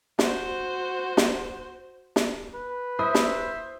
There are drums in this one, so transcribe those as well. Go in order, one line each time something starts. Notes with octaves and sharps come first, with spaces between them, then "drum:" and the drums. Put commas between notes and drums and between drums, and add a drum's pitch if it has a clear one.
F#4 C5, drum: snare
drum: snare
drum: snare
B4
E4 C5 E5 D#6
drum: snare